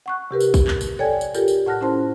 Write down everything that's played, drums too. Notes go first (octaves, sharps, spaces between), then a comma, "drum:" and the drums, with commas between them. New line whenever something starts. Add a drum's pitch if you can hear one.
F#5 C#6 F#6
C3 G4 A#4 B4
drum: tambourine
drum: kick, tambourine
drum: clap
drum: tambourine
A4 C#5 D5 G5 G#5 G#6
drum: tambourine
F4 G4 A4 A#4, drum: tambourine
drum: tambourine
A2 F#5 A5 F6 F#6 A#6
C#4 E4 C5 A5 C6